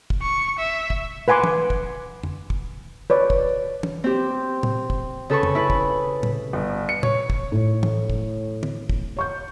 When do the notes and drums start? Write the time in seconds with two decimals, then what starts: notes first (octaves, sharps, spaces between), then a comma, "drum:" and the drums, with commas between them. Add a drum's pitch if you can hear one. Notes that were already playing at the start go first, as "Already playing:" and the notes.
0.10 drum: kick
0.21 C#6
0.58 E5
0.90 drum: kick
1.28 B4 F#5 G#5 C6 D6
1.44 drum: tom
1.70 drum: kick
2.23 drum: tom
2.50 drum: kick
3.10 B4 C#5 D5
3.30 drum: kick
3.83 drum: tom
4.04 C4 G4
4.63 drum: tom
4.90 drum: kick
5.30 C#3 A4 B4 C#6
5.43 drum: tom
5.55 E4 B4
5.70 drum: kick
6.23 drum: tom
6.53 G1
6.89 C#7
7.03 C#5, drum: tom
7.30 drum: kick
7.52 A2
7.83 drum: tom
8.10 drum: kick
8.63 drum: tom
8.90 drum: kick
9.17 C#5 C#6 G6